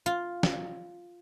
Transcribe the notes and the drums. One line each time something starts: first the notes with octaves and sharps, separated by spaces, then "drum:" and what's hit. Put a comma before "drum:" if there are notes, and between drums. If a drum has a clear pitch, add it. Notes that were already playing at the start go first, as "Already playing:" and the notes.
F4
drum: snare